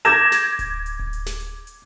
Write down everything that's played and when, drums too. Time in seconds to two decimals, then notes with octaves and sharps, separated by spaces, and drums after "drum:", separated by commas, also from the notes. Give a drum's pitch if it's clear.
0.05 D6 G6 G#6 A#6 E7, drum: hi-hat
0.32 drum: snare
0.59 drum: kick D1, hi-hat
0.86 drum: hi-hat
0.99 drum: kick D1
1.13 drum: hi-hat
1.26 drum: snare
1.40 drum: hi-hat
1.67 drum: hi-hat